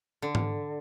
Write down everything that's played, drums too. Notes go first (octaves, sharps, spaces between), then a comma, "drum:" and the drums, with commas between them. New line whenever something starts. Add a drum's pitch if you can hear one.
D3
drum: tom G#2